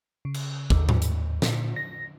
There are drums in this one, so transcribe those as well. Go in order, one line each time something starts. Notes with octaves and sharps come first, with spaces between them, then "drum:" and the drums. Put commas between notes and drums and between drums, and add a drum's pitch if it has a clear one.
C#3
drum: cymbal
D#2, drum: kick
drum: tom G#2
drum: hi-hat
A#2, drum: snare
A#6